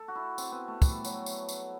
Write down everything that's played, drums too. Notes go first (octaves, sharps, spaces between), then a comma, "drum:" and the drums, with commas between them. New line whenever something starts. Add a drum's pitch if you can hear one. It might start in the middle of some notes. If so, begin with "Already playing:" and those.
Already playing: A4
F#4
E4
C4, drum: tambourine
B3
A3
G3, drum: kick, tambourine
F#3, drum: tambourine
drum: tambourine
drum: tambourine